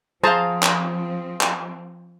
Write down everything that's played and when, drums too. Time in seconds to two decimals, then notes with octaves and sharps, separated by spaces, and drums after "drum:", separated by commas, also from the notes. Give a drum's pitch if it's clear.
0.24 F3 C4 G#4 C5 F5 A5 A#5
0.63 drum: clap
1.41 drum: clap